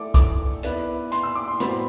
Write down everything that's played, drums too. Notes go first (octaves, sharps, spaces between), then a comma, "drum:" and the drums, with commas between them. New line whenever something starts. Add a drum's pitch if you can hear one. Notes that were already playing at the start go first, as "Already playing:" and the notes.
Already playing: A3 E4 A4 D5 D6
D6, drum: kick B1, hi-hat
B3 E4 B4 D5, drum: hi-hat
C6, drum: hi-hat
E6
D6
C6
A2 G3 B3 F#4 C5 B5, drum: hi-hat
C6